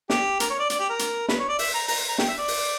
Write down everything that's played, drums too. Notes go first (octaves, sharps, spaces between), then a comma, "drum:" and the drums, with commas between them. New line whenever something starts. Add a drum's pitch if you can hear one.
G4, drum: snare
A#4, drum: hi-hat
C#5
D5
D5, drum: hi-hat
G4
A#4
drum: hi-hat
B4, drum: snare
C#5
D5
E5, drum: open hi-hat
A#5
A#5, drum: open hi-hat
A#5
G5, drum: snare
E5
D5
drum: open hi-hat